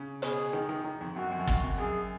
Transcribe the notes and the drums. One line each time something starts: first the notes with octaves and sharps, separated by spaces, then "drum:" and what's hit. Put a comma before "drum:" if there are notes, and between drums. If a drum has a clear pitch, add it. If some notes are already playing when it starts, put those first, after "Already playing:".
Already playing: C#3
B2 G#4, drum: hi-hat
D#3
D#3
D#3
F2
F#2 F#4
F2
F#2
F2, drum: kick
F#2
F#2 G#4